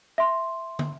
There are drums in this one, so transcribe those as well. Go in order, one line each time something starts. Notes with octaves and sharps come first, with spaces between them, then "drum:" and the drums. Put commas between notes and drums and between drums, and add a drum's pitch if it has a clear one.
E5 C6
drum: tom